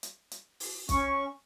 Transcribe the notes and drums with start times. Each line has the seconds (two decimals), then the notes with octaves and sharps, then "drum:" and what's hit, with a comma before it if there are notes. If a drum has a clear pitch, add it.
0.03 drum: hi-hat
0.31 drum: hi-hat
0.60 drum: open hi-hat
0.89 C#4 C#6, drum: kick, hi-hat